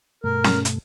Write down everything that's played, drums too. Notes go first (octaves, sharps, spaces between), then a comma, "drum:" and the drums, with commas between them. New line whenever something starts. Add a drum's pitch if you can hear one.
G2 B2 A3 A#4
drum: snare C#4
drum: hi-hat